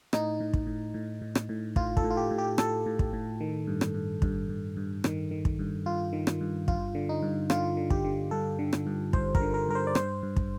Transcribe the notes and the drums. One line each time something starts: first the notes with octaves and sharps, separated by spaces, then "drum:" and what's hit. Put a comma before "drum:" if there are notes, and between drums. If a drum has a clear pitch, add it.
A2 D#4, drum: rim click
A2
drum: kick
A2
A2
A2
drum: rim click
A2
A2 F4, drum: kick
A4, drum: kick
A2
F4
G4
A2
G4
A2 A4, drum: rim click
A2
drum: kick
A2
D#3
G2
drum: rim click
G2
G2, drum: kick
G2
G2
D#3, drum: rim click
D#3
drum: kick
G2
G2 F4
D#3
drum: rim click
G2
G2 F4, drum: kick
D3
D#4
G2
D3 F4, drum: rim click
D3
G4, drum: kick
D3
G2 A4
D3
drum: rim click
G2
G2 C5, drum: kick
A#4, drum: kick
D3
A#4
G2 A#4
C5
D5
G2 C5, drum: rim click
G2
drum: kick